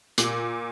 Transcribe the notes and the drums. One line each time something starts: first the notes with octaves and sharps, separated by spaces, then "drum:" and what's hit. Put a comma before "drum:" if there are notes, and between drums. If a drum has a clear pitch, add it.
A#2, drum: hi-hat